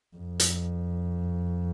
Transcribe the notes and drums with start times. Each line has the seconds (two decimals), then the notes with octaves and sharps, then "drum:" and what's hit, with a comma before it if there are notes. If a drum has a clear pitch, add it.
0.16 F2
0.40 drum: hi-hat